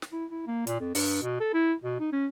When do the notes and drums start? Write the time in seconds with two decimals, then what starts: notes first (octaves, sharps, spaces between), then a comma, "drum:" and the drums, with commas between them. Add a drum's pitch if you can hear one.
0.02 drum: snare
0.13 E4
0.31 E4
0.47 A#3
0.67 A#2, drum: hi-hat
0.80 F2
0.95 G2, drum: open hi-hat
1.22 B2
1.40 A4
1.53 E4
1.84 B2
2.00 D#4
2.12 C#4